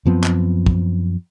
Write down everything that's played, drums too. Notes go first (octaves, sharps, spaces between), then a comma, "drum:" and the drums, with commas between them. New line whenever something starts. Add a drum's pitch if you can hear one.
F#2 F3 B3 C4
drum: clap
drum: kick